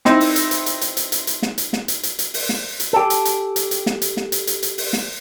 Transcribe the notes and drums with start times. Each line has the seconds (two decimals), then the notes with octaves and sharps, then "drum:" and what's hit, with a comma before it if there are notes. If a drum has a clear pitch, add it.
0.05 C4 D#4 E4, drum: snare
0.20 drum: open hi-hat
0.36 drum: hi-hat
0.51 drum: hi-hat
0.66 drum: hi-hat
0.81 drum: hi-hat
0.97 drum: hi-hat
1.12 drum: hi-hat
1.27 drum: hi-hat
1.42 drum: snare
1.58 drum: hi-hat
1.73 drum: snare
1.88 drum: hi-hat
2.03 drum: hi-hat
2.19 drum: hi-hat
2.34 drum: open hi-hat
2.49 drum: snare
2.80 drum: hi-hat
2.93 G4 A4
3.10 drum: hi-hat
3.25 drum: hi-hat
3.56 drum: hi-hat
3.71 drum: hi-hat
3.86 drum: snare
4.02 drum: hi-hat
4.17 drum: snare
4.32 drum: hi-hat
4.47 drum: hi-hat
4.63 drum: hi-hat
4.78 drum: open hi-hat
4.93 drum: snare